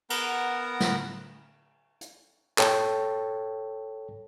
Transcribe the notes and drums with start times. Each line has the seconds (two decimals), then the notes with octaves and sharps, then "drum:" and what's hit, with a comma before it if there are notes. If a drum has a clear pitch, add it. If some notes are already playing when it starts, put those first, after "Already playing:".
0.10 B3 A#4 F#5 A#5, drum: cymbal
0.80 drum: snare
2.01 drum: hi-hat
2.58 A4 C#5 G5 A5, drum: clap